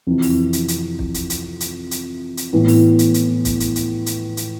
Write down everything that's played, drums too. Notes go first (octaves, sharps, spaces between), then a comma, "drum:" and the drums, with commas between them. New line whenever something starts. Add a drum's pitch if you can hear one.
F2 C3 E3
drum: open hi-hat
drum: hi-hat
drum: hi-hat
drum: kick
drum: hi-hat
drum: hi-hat
drum: hi-hat
drum: hi-hat
drum: hi-hat
A2 E3 B3
drum: open hi-hat
drum: hi-hat
drum: hi-hat
drum: kick, hi-hat
drum: hi-hat
drum: hi-hat
drum: hi-hat
drum: hi-hat